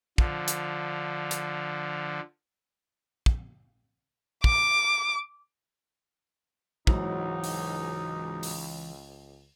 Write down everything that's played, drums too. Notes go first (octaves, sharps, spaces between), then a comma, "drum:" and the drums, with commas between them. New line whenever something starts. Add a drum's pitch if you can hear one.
D3 F3, drum: kick
drum: hi-hat
drum: hi-hat
drum: kick
D6, drum: kick
C#2 G#2 E3 F#3 D#4 F#4, drum: kick
drum: open hi-hat
drum: open hi-hat